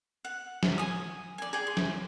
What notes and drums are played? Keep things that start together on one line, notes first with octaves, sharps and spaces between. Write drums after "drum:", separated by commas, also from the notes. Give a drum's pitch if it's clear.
F#5
drum: snare
G#5 D#6
D5 G#5
G#4 G5
C6
drum: snare